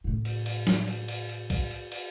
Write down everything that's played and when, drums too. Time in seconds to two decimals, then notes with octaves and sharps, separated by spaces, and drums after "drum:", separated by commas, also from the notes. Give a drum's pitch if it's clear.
0.04 A2 C#3
0.25 drum: cymbal
0.46 drum: cymbal
0.67 drum: snare
0.88 drum: cymbal
1.08 drum: cymbal
1.29 drum: cymbal
1.50 drum: kick A#1, cymbal
1.71 drum: cymbal
1.92 drum: cymbal